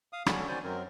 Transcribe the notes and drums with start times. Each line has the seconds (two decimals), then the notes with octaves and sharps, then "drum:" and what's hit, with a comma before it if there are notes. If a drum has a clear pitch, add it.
0.13 F5 D#6
0.26 C#4 D4 F#4 A4, drum: rim click
0.48 D#3 F#4 C5 D5 G#5 G6
0.64 F#2 F#3 C4 A#4